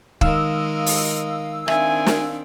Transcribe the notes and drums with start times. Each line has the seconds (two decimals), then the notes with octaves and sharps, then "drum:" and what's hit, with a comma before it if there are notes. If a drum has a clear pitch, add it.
0.21 D#3 G#3 A#4 D#5 F5 E6, drum: kick
0.86 drum: open hi-hat
1.68 D#3 C4 D4 E5 G#5, drum: rim click
2.06 drum: snare